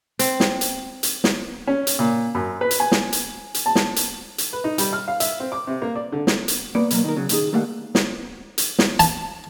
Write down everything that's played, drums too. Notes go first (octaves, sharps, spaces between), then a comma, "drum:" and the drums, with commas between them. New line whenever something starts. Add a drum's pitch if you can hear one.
C4, drum: hi-hat
drum: snare
drum: hi-hat
drum: hi-hat
drum: snare
C#4
drum: hi-hat
A#2
F#2
B4
drum: hi-hat
G#5
drum: snare
drum: hi-hat
drum: hi-hat
A5
drum: snare
drum: hi-hat
drum: hi-hat
B4
D#4
G3, drum: hi-hat
F6
F5
E5, drum: hi-hat
C4
D6
C3
A#3
D5
D3
drum: snare
drum: hi-hat
C2 A#3 B3 B4 D5
B2 F#3 A#3, drum: hi-hat
D#3 A#4
C#3 F#3
A#2 D#3 G#4, drum: hi-hat
D#3 G3 A3 A#3 F5 F#5
drum: snare
drum: hi-hat
drum: snare
A5, drum: hi-hat